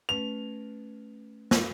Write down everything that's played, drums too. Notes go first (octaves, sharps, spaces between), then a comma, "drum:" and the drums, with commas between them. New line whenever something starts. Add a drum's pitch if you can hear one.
A3 C#4 B4 F7
drum: snare